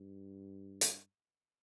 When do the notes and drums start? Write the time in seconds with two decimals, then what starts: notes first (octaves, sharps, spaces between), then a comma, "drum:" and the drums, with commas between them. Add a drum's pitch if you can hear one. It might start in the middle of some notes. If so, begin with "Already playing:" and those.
Already playing: G2
0.81 drum: hi-hat